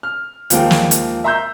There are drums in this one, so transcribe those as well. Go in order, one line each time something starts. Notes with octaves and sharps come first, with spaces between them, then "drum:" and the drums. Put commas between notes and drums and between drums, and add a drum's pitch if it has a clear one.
F6
D#2 F3 G#3 A#3 F4 G5, drum: hi-hat
drum: snare
drum: hi-hat
E5 A#5 C6 E6 G6